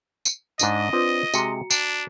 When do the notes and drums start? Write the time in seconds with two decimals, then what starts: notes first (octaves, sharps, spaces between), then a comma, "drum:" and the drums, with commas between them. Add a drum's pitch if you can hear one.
0.25 drum: tambourine
0.59 G#2 D4 D#5 A5, drum: tambourine
0.93 C4 D4 F4 B4 D#6
1.34 C3 G#3 F#4 A#5 C#7, drum: tambourine
1.71 D4 G5, drum: tambourine